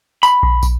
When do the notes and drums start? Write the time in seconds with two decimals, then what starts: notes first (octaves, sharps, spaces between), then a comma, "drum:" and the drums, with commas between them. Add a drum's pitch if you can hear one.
0.23 B5, drum: tambourine
0.43 drum: kick
0.63 drum: kick, tambourine